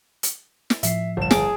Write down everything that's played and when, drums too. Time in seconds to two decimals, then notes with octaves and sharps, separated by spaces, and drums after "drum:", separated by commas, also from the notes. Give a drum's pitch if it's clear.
0.23 drum: hi-hat
0.70 drum: snare
0.83 A2 F3 E5 C7, drum: hi-hat
1.17 G1 E7
1.31 G#4 D6, drum: snare